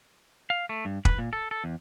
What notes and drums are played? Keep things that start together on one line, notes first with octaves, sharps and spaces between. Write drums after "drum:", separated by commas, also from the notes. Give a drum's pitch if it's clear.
F5
A3
G2
B4, drum: kick
A#2
A4
A4
E2